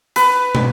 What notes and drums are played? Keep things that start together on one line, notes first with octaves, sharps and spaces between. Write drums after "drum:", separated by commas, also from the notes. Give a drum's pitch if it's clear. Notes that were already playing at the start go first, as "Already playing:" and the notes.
B4, drum: hi-hat
drum: tom